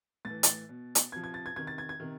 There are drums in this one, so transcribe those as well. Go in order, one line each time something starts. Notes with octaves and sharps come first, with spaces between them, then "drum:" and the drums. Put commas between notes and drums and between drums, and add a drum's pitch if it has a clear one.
A2 E3 A6
A6, drum: hi-hat
B2
drum: hi-hat
C3 F3 G#6
G#6
A6
G#6
C3 D#3 G#6
A6
G#6
G#6
C3 D#3